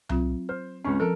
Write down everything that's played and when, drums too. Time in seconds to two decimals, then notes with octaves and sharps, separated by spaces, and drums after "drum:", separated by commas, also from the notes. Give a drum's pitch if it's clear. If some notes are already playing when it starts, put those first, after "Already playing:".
0.09 F#3 C4 F4, drum: tom C2
0.49 C5 F6
0.85 C#2 C4 C#4 C#6
1.00 F3 A4 A#4